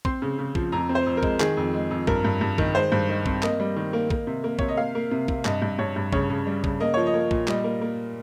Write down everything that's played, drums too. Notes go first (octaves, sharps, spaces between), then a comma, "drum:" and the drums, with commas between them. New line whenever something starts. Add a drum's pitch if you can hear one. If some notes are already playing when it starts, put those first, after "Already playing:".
C4 C6, drum: kick
C#3
C#3
F3, drum: kick
F2 A#5
C4
C5
F2
A#4
G#3, drum: kick
D#3 G#4, drum: clap
F2
G#3
F2
G2 A#4, drum: kick
G2
G2
D#3, drum: kick
G#3 C5
G2
D#3
C4, drum: kick
A#3 D#5, drum: clap
G3
D#3
A#3
A#3, drum: kick
C3
A#3
C3 C#5, drum: kick
D#5
A#3 F5
A#3
C3
C3, drum: kick
G2 D#5, drum: clap
G2
G2 C#5
G2
C#3 C#5, drum: kick
C#3
G3
C#3, drum: kick
A#3 D#5
F3 C#5
D#5
A#3
A#2, drum: kick
G3 D#5, drum: clap
A#3
A#3